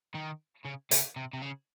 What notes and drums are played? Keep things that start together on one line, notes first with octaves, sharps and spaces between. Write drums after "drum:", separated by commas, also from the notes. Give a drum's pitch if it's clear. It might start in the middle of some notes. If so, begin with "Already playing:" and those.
D#3
C#3
C#3, drum: hi-hat
C3
C3
C#3